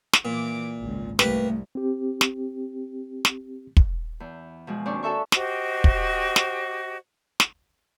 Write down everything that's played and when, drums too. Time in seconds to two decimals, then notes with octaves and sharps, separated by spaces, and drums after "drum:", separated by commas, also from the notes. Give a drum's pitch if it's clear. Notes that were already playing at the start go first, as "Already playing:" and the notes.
0.13 drum: snare
0.25 A#2 E3 D6
0.80 G#1 C#2
1.19 C2 A3 A#3 G4 B4, drum: snare
1.75 C4 G4
2.21 drum: snare
3.25 drum: snare
3.77 drum: kick
4.20 E2
4.67 B2 F3 G#3
4.85 D#2 C4 D4 D5 C#6
5.03 F#4 A4 E5 C#6
5.32 F#4 G4 C5 D#5, drum: snare
5.84 drum: kick
6.36 drum: snare
7.40 drum: snare